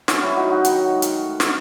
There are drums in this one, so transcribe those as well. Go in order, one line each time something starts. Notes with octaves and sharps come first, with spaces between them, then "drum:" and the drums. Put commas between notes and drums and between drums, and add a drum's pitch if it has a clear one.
F#3 C#4, drum: snare
C#4 E4
F#3 D#4 F#4
D#4 F#4
D#3, drum: hi-hat
G#3
drum: hi-hat
A3
drum: snare